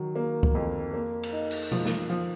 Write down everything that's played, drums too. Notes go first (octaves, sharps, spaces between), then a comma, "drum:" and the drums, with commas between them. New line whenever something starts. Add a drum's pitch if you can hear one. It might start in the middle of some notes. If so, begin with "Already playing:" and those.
Already playing: D#3 F#3
A#3
drum: kick C#2
F2
A#3
drum: cymbal
D#4
drum: cymbal
F3, drum: tom B2
drum: snare
F3